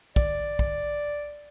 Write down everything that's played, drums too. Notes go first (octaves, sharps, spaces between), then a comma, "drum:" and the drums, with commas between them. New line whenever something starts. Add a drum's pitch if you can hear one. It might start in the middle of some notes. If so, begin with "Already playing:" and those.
D5, drum: kick
drum: kick